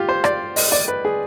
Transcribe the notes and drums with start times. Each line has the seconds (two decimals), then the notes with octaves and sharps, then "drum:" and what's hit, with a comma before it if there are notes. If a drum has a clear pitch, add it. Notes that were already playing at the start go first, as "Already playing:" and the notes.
Already playing: F4 G4
0.09 C5
0.24 D5, drum: rim click
0.56 D#5, drum: open hi-hat
0.72 D5
0.88 B4
1.05 G#4